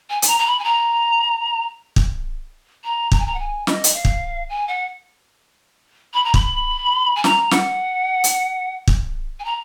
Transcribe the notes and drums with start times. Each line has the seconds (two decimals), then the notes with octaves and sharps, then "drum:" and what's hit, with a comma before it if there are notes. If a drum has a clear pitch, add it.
0.10 G#5
0.22 G#5, drum: hi-hat
0.28 A#5
0.39 A#5
0.46 B5
0.59 G#5
0.64 A#5
1.96 drum: kick
2.84 A#5
3.12 A#5, drum: kick
3.19 G#5
3.26 A#5
3.34 F#5
3.39 G#5
3.67 D#5, drum: snare
3.84 drum: hi-hat
3.94 F5
4.05 drum: kick
4.50 G#5
4.68 F#5
6.14 B5
6.24 A#5
6.34 B5, drum: kick
7.16 G#5
7.24 A#5, drum: snare
7.51 F#5, drum: snare
8.24 drum: hi-hat
8.87 drum: kick
9.39 G#5
9.45 A#5